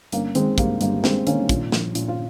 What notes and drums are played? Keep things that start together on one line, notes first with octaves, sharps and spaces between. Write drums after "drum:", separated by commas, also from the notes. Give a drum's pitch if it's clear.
G1 A#3 C#4, drum: hi-hat
D#3 G#3 C4, drum: hi-hat
G2 A#3, drum: kick, hi-hat
G1 A#3, drum: hi-hat
G1 G#3 C4, drum: snare
D#3 A#3 C#4, drum: hi-hat
A#2, drum: kick, hi-hat
A#1, drum: snare
A#2, drum: hi-hat
F4